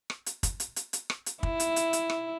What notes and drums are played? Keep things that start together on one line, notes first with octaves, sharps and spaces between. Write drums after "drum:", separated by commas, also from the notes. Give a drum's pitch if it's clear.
drum: rim click
drum: hi-hat
drum: kick, hi-hat
drum: hi-hat
drum: hi-hat
drum: hi-hat
drum: rim click
drum: hi-hat
E4, drum: kick
drum: hi-hat
drum: hi-hat
drum: hi-hat
drum: rim click